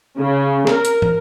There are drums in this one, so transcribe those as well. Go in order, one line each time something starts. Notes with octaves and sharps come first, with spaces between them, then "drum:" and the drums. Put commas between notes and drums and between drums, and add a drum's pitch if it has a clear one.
C#3
A#4, drum: snare
drum: hi-hat
drum: tom